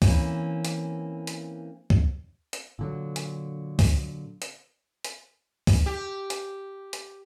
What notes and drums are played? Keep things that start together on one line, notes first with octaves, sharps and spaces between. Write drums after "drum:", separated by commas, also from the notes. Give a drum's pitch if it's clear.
E3 A#3 C4 C#4, drum: kick, open hi-hat
drum: hi-hat
drum: hi-hat
drum: kick
drum: hi-hat
A#2 D3 F#3
drum: hi-hat
drum: kick, open hi-hat
drum: hi-hat
drum: hi-hat
drum: kick, open hi-hat
G4
drum: hi-hat
drum: hi-hat